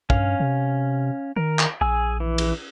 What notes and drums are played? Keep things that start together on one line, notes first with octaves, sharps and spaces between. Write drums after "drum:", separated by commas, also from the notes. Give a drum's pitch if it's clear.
G2 C#4 F5, drum: kick
C3
D#3 A#4
drum: clap
A#1 G#4 G#5 E6
E3
drum: cymbal